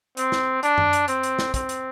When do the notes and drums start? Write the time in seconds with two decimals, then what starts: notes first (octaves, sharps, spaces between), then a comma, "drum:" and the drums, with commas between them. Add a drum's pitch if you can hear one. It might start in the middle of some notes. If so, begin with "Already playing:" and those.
0.17 C4, drum: hi-hat
0.32 drum: snare
0.63 D4, drum: hi-hat
0.78 drum: tom F#2
0.93 drum: hi-hat
1.08 C4, drum: hi-hat
1.23 drum: hi-hat
1.39 drum: snare
1.54 C4, drum: kick, hi-hat
1.69 drum: hi-hat